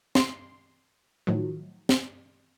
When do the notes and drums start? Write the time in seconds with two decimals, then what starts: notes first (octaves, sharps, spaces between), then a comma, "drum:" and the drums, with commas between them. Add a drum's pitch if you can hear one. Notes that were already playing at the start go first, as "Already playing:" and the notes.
0.15 C6, drum: snare
1.27 A2 D#3 F3 F#3
1.89 drum: snare